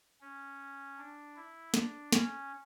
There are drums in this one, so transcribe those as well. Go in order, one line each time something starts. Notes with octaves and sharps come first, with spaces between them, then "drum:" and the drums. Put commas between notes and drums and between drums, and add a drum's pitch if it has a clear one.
C#4
D4
E4
D4, drum: snare
C#4, drum: snare